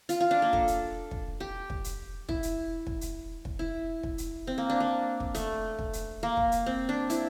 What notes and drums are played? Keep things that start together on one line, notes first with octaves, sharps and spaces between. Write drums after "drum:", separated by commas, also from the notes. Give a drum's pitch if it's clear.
F4, drum: hi-hat
F4
D4
A#3
A4, drum: kick
drum: hi-hat
drum: kick
G4
drum: kick
drum: hi-hat
E4, drum: kick
drum: hi-hat
drum: kick
drum: hi-hat
drum: kick
E4
drum: kick
drum: hi-hat
C4
A#3
D4
A#3
drum: kick
A3, drum: hi-hat
drum: kick
drum: hi-hat
A#3
drum: kick
drum: hi-hat
C4
D4
E4, drum: hi-hat